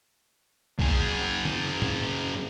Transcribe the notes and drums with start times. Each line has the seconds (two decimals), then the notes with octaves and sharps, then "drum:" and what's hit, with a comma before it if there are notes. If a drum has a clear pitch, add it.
0.79 F#2 G#4, drum: kick B1
1.45 drum: tom D#3
1.82 drum: tom A2